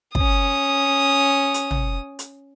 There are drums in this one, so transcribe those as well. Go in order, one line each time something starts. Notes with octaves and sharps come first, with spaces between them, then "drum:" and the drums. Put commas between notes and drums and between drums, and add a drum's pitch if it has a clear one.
C#4 D#6, drum: kick
drum: hi-hat
drum: tom
drum: hi-hat